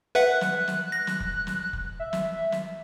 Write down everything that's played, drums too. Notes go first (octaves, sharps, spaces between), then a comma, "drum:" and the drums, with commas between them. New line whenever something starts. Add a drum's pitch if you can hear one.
B4 E5 F#5 F#6
drum: snare
drum: snare
A#6
drum: snare
drum: kick
drum: snare
drum: kick
E5
drum: snare
drum: snare